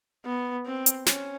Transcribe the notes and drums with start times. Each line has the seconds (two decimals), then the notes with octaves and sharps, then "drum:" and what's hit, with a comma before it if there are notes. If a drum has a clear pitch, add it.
0.25 B3
0.66 C4
0.86 drum: hi-hat
1.06 C#4, drum: snare